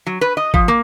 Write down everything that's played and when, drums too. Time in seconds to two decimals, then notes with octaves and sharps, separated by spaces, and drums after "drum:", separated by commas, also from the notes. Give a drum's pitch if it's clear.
0.06 F#3
0.21 B4
0.37 D#5
0.54 F3, drum: kick
0.68 A#3